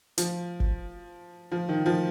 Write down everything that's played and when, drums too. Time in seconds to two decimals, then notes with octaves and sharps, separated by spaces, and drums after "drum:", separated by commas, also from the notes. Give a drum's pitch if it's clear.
0.18 F3, drum: hi-hat
0.60 drum: kick
1.52 F3
1.69 D#3
1.86 F3